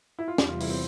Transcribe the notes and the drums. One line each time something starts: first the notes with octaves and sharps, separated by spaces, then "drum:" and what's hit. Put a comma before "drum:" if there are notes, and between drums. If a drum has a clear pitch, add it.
E4
F4
E2 C3 G3 G4, drum: snare
F4
E4, drum: open hi-hat
C4